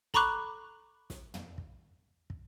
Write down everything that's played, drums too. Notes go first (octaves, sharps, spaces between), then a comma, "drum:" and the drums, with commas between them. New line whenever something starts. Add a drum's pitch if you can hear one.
A4 A#5 B5 C#6 D6 F#6, drum: snare
drum: snare
drum: tom
drum: kick
drum: kick